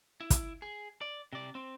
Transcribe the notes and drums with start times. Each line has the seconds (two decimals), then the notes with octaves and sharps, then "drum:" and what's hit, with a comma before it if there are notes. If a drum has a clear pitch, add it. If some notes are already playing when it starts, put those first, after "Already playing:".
0.21 E4
0.30 drum: kick, hi-hat
0.62 G#4
1.01 D5
1.33 C3 D5
1.55 C4